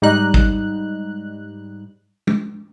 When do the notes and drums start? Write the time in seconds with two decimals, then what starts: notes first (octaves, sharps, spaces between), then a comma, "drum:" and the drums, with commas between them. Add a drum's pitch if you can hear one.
0.02 G#2 G3 D#4 F#6
0.34 drum: kick
2.27 drum: tom